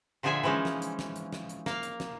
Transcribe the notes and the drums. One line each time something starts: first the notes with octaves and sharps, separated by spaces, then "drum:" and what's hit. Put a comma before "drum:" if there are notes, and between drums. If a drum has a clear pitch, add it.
A#2 D3 F3 G#4 E5 G#5
E3 F3 G#3 C#4 D#4
drum: snare
drum: hi-hat
drum: snare
drum: hi-hat
drum: snare
drum: hi-hat
A#3 F5, drum: snare
drum: hi-hat
drum: snare